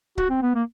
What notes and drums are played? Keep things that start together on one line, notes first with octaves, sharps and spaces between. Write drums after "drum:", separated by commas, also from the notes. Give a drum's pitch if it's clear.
F#4, drum: kick C#1
C4
B3
A#3